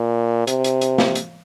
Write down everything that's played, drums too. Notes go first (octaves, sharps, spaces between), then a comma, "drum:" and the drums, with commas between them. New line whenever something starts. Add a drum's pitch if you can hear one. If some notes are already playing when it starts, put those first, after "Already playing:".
Already playing: A#2
C3, drum: hi-hat
drum: hi-hat
drum: hi-hat
drum: snare
drum: hi-hat